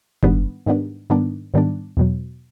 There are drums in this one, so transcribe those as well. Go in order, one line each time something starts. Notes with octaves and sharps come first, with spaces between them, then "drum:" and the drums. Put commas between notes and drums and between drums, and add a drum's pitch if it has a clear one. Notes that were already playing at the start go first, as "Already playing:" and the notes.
G#2 D#3 G3 B3 D4, drum: kick F#1
G#2 D#3 G3 B3 D4
G#2 D#3 G3 B3 D4
G#2 D#3 G3 B3 D4
E2 B2 F#3